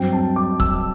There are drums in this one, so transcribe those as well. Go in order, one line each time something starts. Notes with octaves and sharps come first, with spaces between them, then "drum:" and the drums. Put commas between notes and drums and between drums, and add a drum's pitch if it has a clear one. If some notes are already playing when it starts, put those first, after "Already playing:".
Already playing: G2 F#3 C4 G5
A5
D6
E6, drum: kick